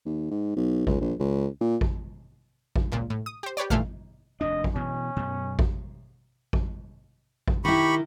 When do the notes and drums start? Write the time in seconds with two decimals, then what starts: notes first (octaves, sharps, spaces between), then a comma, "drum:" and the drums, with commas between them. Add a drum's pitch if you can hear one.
0.05 D#2
0.31 G#2
0.56 B1
0.87 C#2, drum: kick A1
1.01 A#1
1.20 C#2
1.61 A#2
1.81 drum: kick A1
2.76 drum: kick A1
2.92 C#2 A#2
3.10 A2
3.26 D#6
3.43 G4 C5
3.57 G4 B4 C#5 D5
3.70 A#2 E3 A3 A4 F5 F6, drum: kick A1
4.41 F1 D#2 D4 D#5
4.64 drum: kick A1
4.75 B2 E3 C#4
5.16 F#2 B2
5.59 drum: kick A1
6.53 drum: kick A1
7.48 drum: kick A1
7.65 D#3 E4 G4 B5 C#6